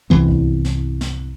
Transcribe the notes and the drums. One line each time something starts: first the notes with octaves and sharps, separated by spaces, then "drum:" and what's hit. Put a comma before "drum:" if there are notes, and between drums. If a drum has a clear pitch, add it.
C2 G2 E3 B3
drum: kick C#2
drum: snare
drum: snare